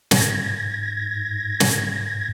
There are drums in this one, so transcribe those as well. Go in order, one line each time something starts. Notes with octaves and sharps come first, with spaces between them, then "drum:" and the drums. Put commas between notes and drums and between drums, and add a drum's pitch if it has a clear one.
G#2 G#6 A#6, drum: snare
drum: snare